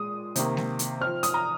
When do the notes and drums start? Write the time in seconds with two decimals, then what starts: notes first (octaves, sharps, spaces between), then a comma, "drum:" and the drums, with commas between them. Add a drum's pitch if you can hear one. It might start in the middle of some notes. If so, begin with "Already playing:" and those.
Already playing: A#2 G#3 D#6
0.36 C3 D#3 A#3, drum: hi-hat
0.57 drum: snare G#3
0.79 drum: hi-hat
1.01 F3 C4 F6
1.23 D#6, drum: hi-hat
1.34 A#5